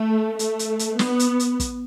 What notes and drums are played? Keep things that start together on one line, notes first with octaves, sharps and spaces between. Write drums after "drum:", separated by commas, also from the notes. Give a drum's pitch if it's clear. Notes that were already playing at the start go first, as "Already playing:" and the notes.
Already playing: A3
A3, drum: hi-hat
drum: hi-hat
drum: hi-hat
B3, drum: snare
drum: hi-hat
drum: hi-hat
drum: kick, hi-hat